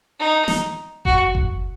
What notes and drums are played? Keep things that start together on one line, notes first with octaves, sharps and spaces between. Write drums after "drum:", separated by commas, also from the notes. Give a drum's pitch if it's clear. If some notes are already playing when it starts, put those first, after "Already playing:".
D#4
drum: snare
F#4, drum: kick F#1
drum: kick F#1